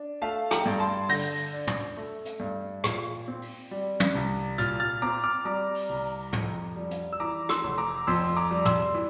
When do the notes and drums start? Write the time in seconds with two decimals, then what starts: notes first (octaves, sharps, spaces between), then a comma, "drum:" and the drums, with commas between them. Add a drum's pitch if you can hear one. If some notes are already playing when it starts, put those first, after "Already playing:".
Already playing: D4
0.22 A3 F5 A5
0.51 G5 A#5, drum: rim click
0.66 G2
0.80 A5 C6
1.09 D3 G6 A#6, drum: open hi-hat
1.53 D4
1.67 drum: tom
1.97 A3
2.25 drum: hi-hat
2.40 G2
2.84 A#2, drum: rim click
3.28 C4
3.42 drum: open hi-hat
3.71 G3
4.00 drum: tom
4.15 C2
4.58 A#2 F6 A6, drum: hi-hat
4.80 F6 A6
5.02 C4 A#5 D6
5.24 D6 F6
5.45 G3 A#5 D6
5.75 drum: open hi-hat
5.89 C2
6.33 F2, drum: tom
6.76 G3
6.91 drum: hi-hat
7.13 E6
7.20 E3 A#5 D6
7.49 C6 E6, drum: rim click
7.64 F1
7.78 A#5 D6
8.07 F2 C6 E6, drum: open hi-hat
8.37 A#5 D6
8.51 G3
8.65 C6 E6, drum: tom
8.94 E3